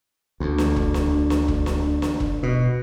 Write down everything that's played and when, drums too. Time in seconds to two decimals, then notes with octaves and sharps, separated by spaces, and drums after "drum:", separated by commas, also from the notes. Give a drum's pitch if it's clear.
0.40 D2
0.58 drum: snare
0.76 drum: kick E1
0.94 drum: snare
1.30 drum: snare
1.48 drum: kick E1
1.66 drum: snare
2.02 drum: snare
2.20 drum: kick E1
2.43 B2